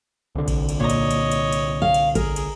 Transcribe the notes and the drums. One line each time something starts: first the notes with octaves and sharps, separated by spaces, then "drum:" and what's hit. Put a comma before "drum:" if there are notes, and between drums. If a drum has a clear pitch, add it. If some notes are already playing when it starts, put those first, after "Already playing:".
C2 D3
drum: kick A1, cymbal
drum: cymbal
A#2 C#5 D#5 A#5
drum: cymbal
drum: cymbal
drum: cymbal
drum: cymbal
F5
drum: cymbal
G#4 A#4, drum: kick A1, cymbal
drum: cymbal